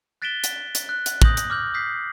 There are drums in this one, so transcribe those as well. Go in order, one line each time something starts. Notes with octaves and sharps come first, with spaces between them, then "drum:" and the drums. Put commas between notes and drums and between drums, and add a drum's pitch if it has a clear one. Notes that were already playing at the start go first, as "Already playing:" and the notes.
F#6 A6 B6 D7 E7 G7
drum: hi-hat
drum: hi-hat
F#6
drum: hi-hat
D#6 G6 A#6 F#7, drum: kick
drum: hi-hat
D6 F6 G6 F#7
D#6 G6 B6 C7